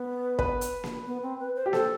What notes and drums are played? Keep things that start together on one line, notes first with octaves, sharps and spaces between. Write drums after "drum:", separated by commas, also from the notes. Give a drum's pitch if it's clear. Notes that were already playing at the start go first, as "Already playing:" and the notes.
Already playing: B3
B4, drum: kick
drum: hi-hat
drum: snare A#3
B3
C4
B4
C5
G4
A4 C5, drum: snare A#3